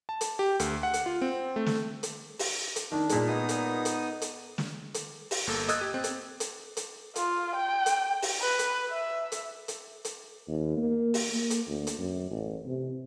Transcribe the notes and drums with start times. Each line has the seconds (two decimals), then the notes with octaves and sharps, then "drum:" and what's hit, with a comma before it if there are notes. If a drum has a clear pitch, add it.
0.09 A5
0.21 drum: hi-hat
0.39 G4
0.60 D2, drum: hi-hat
0.83 F#5
0.94 drum: hi-hat
1.06 F4
1.22 C4
1.56 A3
1.66 drum: snare
2.03 drum: hi-hat
2.39 drum: open hi-hat
2.76 drum: hi-hat
2.92 D#3 D4
3.09 A#2 G#3, drum: hi-hat
3.28 B3 D#4 D#6
3.49 drum: hi-hat
3.85 drum: hi-hat
4.22 drum: hi-hat
4.58 drum: snare
4.94 drum: hi-hat
5.31 drum: open hi-hat
5.47 G1 A#3 A4 E6
5.69 D#5 D#6 E6 F#6 G#6 A6, drum: hi-hat
5.81 G4
5.94 C4
6.04 drum: hi-hat
6.40 drum: hi-hat
6.77 drum: hi-hat
7.16 F4, drum: hi-hat
7.56 G5
7.86 drum: hi-hat
8.22 drum: open hi-hat
8.41 B4
8.59 drum: hi-hat
8.91 E5
9.32 drum: hi-hat
9.68 drum: hi-hat
10.05 drum: hi-hat
10.48 D#2
10.77 A#3
11.14 drum: open hi-hat
11.31 A#3
11.50 drum: hi-hat
11.67 D2
11.87 drum: hi-hat
11.98 F#2
12.31 A1
12.65 C3